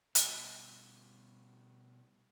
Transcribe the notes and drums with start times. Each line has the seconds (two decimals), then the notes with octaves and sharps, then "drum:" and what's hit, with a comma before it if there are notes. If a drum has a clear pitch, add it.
0.15 B2 G3, drum: hi-hat